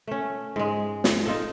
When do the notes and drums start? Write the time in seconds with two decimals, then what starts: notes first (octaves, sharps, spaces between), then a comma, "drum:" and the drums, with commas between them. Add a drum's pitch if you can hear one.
0.07 A3 C#4
0.56 G#2 G#3
1.04 drum: snare
1.26 D#4 F4 A4